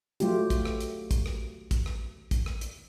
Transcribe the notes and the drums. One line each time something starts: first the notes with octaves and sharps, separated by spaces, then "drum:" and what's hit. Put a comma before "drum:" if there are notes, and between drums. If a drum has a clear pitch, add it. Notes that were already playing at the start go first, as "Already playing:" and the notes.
F#3 A3 F4 G4, drum: hi-hat
drum: kick, hi-hat
drum: rim click
drum: hi-hat
drum: kick, hi-hat
drum: rim click
drum: kick, hi-hat
drum: rim click
drum: kick, hi-hat
drum: rim click
drum: hi-hat